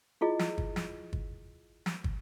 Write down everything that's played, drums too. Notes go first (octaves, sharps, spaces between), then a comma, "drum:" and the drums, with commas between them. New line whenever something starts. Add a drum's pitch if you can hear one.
E4 F4 G#4 D#5
drum: snare
drum: kick
drum: snare
drum: kick
drum: snare
drum: kick